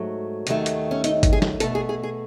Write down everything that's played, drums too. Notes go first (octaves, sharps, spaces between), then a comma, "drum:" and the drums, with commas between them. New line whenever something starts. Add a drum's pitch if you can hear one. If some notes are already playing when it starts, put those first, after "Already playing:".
Already playing: G#2 F#3 A3
D#2 D#3 F#3 A3, drum: hi-hat
drum: hi-hat
C#4
D#4, drum: hi-hat
drum: kick, hi-hat
G#4
drum: snare
B2 A3 A4, drum: hi-hat
G#4
G#4
G#4